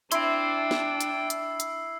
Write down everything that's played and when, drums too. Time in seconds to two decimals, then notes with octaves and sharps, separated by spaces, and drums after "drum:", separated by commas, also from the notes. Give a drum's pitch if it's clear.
0.12 D4 E4 G5 C6 E6 C7, drum: hi-hat
0.71 drum: snare
1.00 drum: hi-hat
1.30 drum: hi-hat
1.60 drum: hi-hat